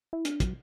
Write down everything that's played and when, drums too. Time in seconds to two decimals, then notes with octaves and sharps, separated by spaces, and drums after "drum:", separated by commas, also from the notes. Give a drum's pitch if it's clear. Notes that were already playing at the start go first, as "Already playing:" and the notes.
0.13 E4
0.25 D4, drum: hi-hat
0.40 F#3, drum: kick, hi-hat